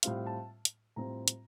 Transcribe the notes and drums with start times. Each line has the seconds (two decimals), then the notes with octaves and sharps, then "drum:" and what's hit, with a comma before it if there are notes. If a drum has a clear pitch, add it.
0.03 A2 G3 C4 F4 F5, drum: hi-hat
0.26 A5
0.65 drum: hi-hat
0.96 A2 G3 C4 F4 A#5
1.28 drum: hi-hat